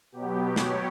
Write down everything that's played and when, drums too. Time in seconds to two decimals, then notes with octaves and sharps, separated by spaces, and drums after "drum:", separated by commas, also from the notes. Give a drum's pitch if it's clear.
0.12 B2 F#3 B3 G4
0.56 C#5, drum: snare